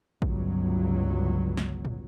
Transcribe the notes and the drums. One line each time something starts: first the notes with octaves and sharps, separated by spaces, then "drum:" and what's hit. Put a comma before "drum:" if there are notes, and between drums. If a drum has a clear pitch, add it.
G1 C#2 F#3, drum: kick A1
drum: snare
drum: tom A2